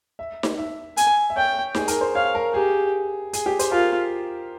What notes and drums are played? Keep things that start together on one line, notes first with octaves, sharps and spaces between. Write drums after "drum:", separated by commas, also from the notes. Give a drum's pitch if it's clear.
E5
drum: snare D#4
E5
G#5, drum: hi-hat
E5
C#5 G5
G#4, drum: snare D#4
A#4, drum: hi-hat
C5
C#5 F5
A#4
G4 G#4
G#4, drum: hi-hat
G4
C5, drum: hi-hat
F4 A#4